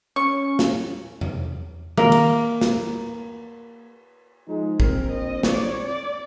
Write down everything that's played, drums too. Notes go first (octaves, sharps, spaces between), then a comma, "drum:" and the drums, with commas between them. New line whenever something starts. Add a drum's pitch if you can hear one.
C#4 C#6
drum: snare
drum: tom E2
A#3 A#4, drum: tom D#3
drum: cymbal
drum: snare
F3 G#3 D#4
A#1 C4 A#4, drum: kick
D#5
C#5 D5, drum: snare
D5